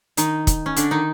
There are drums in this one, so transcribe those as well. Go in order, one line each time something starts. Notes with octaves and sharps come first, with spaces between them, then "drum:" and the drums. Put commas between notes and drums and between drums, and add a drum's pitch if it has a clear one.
D#3 D#4, drum: hi-hat
drum: kick, hi-hat
C#4
D3 D4, drum: hi-hat
D#3 D#4